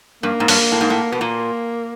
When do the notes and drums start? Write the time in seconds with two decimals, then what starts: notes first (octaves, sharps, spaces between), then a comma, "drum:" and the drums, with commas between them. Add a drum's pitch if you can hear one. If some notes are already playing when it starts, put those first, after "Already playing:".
0.23 G2 A#3
0.40 G#2
0.48 G2, drum: open hi-hat
0.72 A2
0.81 G#2
0.90 A2
1.12 B2 B3
1.21 A#2 A#3